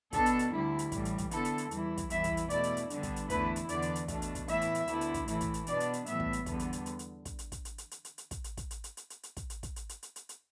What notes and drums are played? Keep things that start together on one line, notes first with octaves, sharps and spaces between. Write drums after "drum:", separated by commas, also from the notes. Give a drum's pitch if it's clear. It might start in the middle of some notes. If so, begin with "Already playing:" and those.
B2 B3 D4 A4, drum: kick, hi-hat
drum: hi-hat
drum: hi-hat
D2 D3 G3 E4
drum: hi-hat
A2 E3 G3, drum: kick, hi-hat
drum: hi-hat
drum: kick, hi-hat
D3 B3 E4 A4, drum: hi-hat
drum: hi-hat
drum: hi-hat
E2 E3 G3 E4, drum: hi-hat
drum: kick, hi-hat
E2 E3 G3 B3 E4 E5, drum: hi-hat
drum: kick, hi-hat
drum: hi-hat
B2 A3 E4 D5, drum: hi-hat
drum: hi-hat
drum: hi-hat
D3 G3 B3 D4, drum: hi-hat
drum: kick, hi-hat
drum: hi-hat
E2 D3 A3 E4 B4, drum: kick, hi-hat
drum: hi-hat
E2 D3 B3 D5, drum: hi-hat
drum: hi-hat
drum: hi-hat
B2 A3 D4, drum: kick, hi-hat
drum: hi-hat
drum: kick, hi-hat
A2 E3 B3 E4 E5, drum: hi-hat
drum: hi-hat
drum: hi-hat
D2 D3 B3 E4, drum: hi-hat
drum: hi-hat
drum: kick, hi-hat
A2 E3 A3 E4, drum: hi-hat
drum: kick, hi-hat
drum: hi-hat
B2 B3 D4 D5, drum: hi-hat
drum: hi-hat
drum: hi-hat
A2 E3 G3 B3 E5, drum: hi-hat
drum: kick
drum: hi-hat
E2 D3 G3 B3, drum: kick, hi-hat
drum: hi-hat
drum: hi-hat
drum: hi-hat
drum: hi-hat
drum: kick, hi-hat
drum: hi-hat
drum: kick, hi-hat
drum: hi-hat
drum: hi-hat
drum: hi-hat
drum: hi-hat
drum: hi-hat
drum: kick, hi-hat
drum: hi-hat
drum: kick, hi-hat
drum: hi-hat
drum: hi-hat
drum: hi-hat
drum: hi-hat
drum: hi-hat
drum: kick, hi-hat
drum: hi-hat
drum: kick, hi-hat
drum: hi-hat
drum: hi-hat
drum: hi-hat
drum: hi-hat
drum: hi-hat